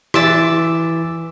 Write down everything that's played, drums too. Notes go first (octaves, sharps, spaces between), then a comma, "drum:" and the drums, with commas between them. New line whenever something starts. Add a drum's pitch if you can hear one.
E3 D6 E6 A6, drum: rim click